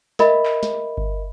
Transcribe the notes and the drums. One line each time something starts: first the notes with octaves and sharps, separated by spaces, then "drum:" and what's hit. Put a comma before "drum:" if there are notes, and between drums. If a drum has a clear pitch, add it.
A#4 D#5 E5 B5, drum: snare
drum: clap
drum: snare
drum: kick G1